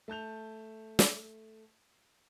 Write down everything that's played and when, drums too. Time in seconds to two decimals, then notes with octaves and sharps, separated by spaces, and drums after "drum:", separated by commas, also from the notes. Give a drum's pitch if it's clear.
0.08 A3 A5 G6 F7
0.99 drum: snare